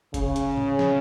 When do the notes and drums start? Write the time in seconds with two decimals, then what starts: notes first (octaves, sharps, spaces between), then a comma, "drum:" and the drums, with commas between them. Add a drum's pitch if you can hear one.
0.14 C#3, drum: kick F#1, hi-hat
0.36 drum: hi-hat
0.57 drum: tom
0.79 drum: snare